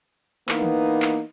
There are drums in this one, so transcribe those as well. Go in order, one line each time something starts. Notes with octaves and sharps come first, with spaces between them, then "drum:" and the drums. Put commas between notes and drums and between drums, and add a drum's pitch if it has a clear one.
E3 A#3 B3 D#4, drum: clap
drum: tom
drum: clap